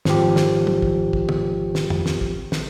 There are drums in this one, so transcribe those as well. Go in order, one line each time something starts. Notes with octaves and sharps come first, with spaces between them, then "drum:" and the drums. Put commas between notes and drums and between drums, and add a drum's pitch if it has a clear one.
G#1 F3 G4, drum: snare
drum: snare
drum: tom
drum: kick
drum: kick
drum: tom
drum: snare
drum: tom F2
drum: snare
drum: kick
drum: snare